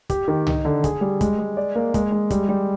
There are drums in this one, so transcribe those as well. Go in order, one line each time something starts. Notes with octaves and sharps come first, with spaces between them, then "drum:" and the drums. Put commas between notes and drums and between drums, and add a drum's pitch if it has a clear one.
G4, drum: kick, hi-hat
D#3
D#4, drum: tom
D3
G#4, drum: kick, hi-hat
G3
G#3, drum: kick, hi-hat
G#3
D5
A#3
G#3, drum: kick, hi-hat
G#3
G3, drum: kick, hi-hat
G3